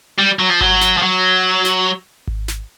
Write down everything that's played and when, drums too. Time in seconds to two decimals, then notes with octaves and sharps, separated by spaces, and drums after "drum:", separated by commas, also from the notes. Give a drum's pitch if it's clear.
0.19 G3
0.39 F#3
0.50 F3
0.61 F#3, drum: kick G#1
0.81 drum: snare
0.97 F3
1.02 F#3
1.65 drum: snare
2.27 drum: kick G#1
2.48 drum: snare